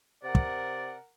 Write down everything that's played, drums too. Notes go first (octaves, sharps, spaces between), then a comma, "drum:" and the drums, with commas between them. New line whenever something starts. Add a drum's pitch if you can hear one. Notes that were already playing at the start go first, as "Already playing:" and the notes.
C3 A#4 D5 F#5
drum: kick